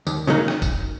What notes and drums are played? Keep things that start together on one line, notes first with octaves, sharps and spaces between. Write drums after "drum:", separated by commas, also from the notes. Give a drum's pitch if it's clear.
D#2, drum: tambourine
C#3 F#3 A#3 D#4
drum: rim click
drum: kick, tambourine